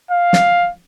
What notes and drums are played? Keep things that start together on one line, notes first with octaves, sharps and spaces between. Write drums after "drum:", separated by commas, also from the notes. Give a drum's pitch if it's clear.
F5
drum: snare